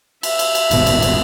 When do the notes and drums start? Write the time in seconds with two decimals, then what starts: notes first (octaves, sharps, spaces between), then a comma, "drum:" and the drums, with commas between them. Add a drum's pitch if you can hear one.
0.23 E5, drum: cymbal
0.39 drum: cymbal
0.55 drum: cymbal
0.71 D#1 G#1 B2, drum: cymbal
0.86 drum: cymbal
1.02 drum: cymbal